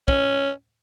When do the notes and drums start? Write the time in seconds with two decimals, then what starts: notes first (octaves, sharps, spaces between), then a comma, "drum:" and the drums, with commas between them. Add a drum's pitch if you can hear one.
0.08 C#4, drum: kick